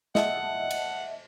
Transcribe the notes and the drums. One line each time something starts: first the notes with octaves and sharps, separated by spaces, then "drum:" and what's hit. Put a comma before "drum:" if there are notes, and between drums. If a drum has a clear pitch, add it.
D#5 E5 F#5 A5, drum: snare
drum: cymbal